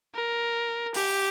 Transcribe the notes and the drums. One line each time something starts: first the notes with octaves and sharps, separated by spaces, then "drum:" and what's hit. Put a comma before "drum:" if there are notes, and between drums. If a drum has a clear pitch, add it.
A#4
G4, drum: open hi-hat